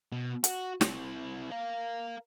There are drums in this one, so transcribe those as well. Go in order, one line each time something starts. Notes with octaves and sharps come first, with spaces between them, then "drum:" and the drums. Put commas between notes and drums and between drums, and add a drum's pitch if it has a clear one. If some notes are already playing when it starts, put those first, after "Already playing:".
B2
F#4, drum: hi-hat
C3 E4, drum: snare
A#4 F5